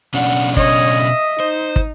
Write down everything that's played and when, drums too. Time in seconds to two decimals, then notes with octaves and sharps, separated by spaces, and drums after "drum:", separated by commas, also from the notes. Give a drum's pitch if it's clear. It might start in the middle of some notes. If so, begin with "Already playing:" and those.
0.14 B2 C#4 D4 F#5
0.57 C#5 D#5, drum: kick
1.00 E5
1.40 D#4 C5
1.76 drum: kick